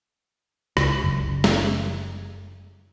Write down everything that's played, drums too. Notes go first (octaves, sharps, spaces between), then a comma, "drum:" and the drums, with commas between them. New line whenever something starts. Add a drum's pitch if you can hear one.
C#2, drum: rim click
F#1
drum: snare